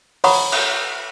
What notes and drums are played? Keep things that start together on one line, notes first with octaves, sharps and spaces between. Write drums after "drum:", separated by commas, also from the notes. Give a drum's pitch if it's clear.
C#5 F#5 A#5 B5 C#6 D#6, drum: open hi-hat
drum: cymbal